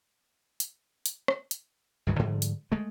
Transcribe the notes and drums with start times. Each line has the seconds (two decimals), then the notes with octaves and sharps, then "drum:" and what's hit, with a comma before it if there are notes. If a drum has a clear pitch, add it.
0.60 drum: hi-hat
1.06 drum: hi-hat
1.28 drum: rim click
1.51 drum: hi-hat
2.07 C#2 G2 D#3 G#3
2.19 G#2 D3 F3 G3
2.42 drum: hi-hat
2.72 G#3 A3